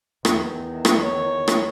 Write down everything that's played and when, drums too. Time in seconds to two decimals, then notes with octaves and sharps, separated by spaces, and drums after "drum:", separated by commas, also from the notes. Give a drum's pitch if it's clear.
0.25 E2 D#3, drum: rim click
0.85 drum: rim click
1.00 C#5
1.48 drum: rim click